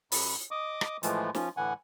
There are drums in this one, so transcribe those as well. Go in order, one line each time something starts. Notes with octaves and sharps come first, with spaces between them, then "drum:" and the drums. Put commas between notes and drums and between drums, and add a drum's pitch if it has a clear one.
F#2 B5, drum: open hi-hat
D#5 D6 D#6
drum: rim click
A2 E3 F3 G#3 A3 F4, drum: hi-hat
F3 C#4 F4, drum: snare
A2 D3 E3 F#5 G#5